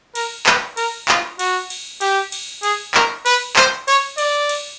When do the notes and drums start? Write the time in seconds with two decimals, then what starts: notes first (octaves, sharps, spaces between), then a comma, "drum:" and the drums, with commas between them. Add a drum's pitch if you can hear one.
0.15 A#4, drum: cymbal
0.46 B4, drum: clap
0.77 A#4, drum: cymbal
1.08 F4, drum: clap
1.39 F#4, drum: cymbal
1.70 drum: cymbal
2.01 G4, drum: cymbal
2.32 drum: cymbal
2.63 G#4, drum: cymbal
2.94 A#4, drum: clap
3.26 B4, drum: cymbal
3.56 C5, drum: clap
3.88 C#5, drum: cymbal
4.18 D5, drum: cymbal
4.49 drum: cymbal